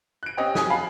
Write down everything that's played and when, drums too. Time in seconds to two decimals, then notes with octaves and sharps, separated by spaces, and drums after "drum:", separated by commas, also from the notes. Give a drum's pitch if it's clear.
0.23 F#6 D7
0.37 C4 C#4 G4 D#5
0.55 G#5 D#6, drum: snare
0.70 F5 A5 B5